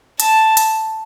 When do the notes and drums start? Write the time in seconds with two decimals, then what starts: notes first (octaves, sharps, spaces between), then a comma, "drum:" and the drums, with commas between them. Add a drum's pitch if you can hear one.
0.20 A5, drum: hi-hat
0.57 drum: hi-hat